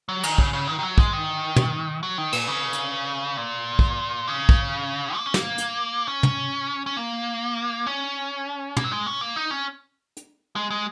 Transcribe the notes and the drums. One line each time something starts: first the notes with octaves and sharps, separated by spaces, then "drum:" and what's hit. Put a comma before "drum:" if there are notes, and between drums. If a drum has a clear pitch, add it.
F#3
D#3, drum: cymbal
C#3, drum: kick
C#3
D#3
D#3
F#3
G#3, drum: kick
D#3
drum: tom
F#3
D#3
A#2, drum: cymbal
C#3
drum: hi-hat
A#2
drum: kick
C#3
drum: kick
A#3
C#4
A#3, drum: snare
drum: hi-hat
C#4
drum: tom
C#4
A#3
C#4
A#3, drum: tom
F#3
G#3
C#4
A#3
D#4
C#4
drum: hi-hat
G#3
G#3